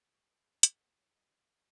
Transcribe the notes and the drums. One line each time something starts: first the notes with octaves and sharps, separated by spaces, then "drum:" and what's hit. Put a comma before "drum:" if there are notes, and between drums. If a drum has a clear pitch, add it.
G#4 C#6
B5
G#5, drum: hi-hat
F#5
C#5
D#5